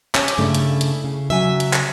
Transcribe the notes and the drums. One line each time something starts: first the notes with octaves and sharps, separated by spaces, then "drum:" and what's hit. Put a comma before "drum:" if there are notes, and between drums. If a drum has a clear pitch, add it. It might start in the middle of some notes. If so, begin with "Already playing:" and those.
C#4 G4, drum: clap
drum: hi-hat
G2 C#3 A3 E4
drum: hi-hat
drum: hi-hat
C#3
C#3 F#3 E5 G#5
drum: hi-hat
drum: clap